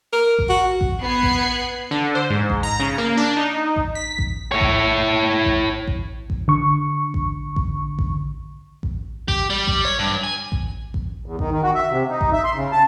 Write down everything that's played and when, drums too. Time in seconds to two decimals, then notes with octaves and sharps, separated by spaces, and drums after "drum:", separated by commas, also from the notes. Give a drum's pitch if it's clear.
0.13 A#4
0.39 drum: kick A1
0.49 F#4
0.81 drum: kick A1
1.02 B3 F#6 G#6 C7
1.23 drum: kick A1
1.91 D3
2.15 C5
2.30 G#2
2.50 drum: kick A1
2.63 A#5
2.80 C#3
2.98 A#3
3.17 D4
3.37 D#4
3.76 drum: kick A1
3.95 B6
4.19 drum: kick A1
4.52 E4 C#5
4.61 drum: kick A1
5.45 drum: kick A1
5.87 drum: kick A1
6.30 drum: kick A1
6.48 D3 C#6
7.14 drum: kick A1
7.56 drum: kick A1
7.99 drum: kick A1
8.83 drum: kick A1
9.28 G4, drum: kick A1
9.50 G3
9.67 drum: kick A1
9.85 C#5
9.99 G2
10.24 G#5
10.52 drum: kick A1
10.94 drum: kick A1
11.26 E2
11.39 D#3, drum: kick A1
11.52 D#3
11.63 F#4
11.75 E5
11.91 C3
12.10 D#4
12.21 drum: kick A1
12.33 E5
12.44 C6
12.55 C#3
12.72 A5